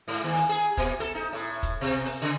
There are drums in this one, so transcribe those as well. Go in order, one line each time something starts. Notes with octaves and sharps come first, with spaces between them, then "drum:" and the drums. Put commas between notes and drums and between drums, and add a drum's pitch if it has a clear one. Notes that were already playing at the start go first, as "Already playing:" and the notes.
G#2
D#2
drum: open hi-hat
G#4
A#2, drum: kick, hi-hat
A4, drum: hi-hat
D#4
A2
drum: kick, hi-hat
B2
drum: open hi-hat
C#3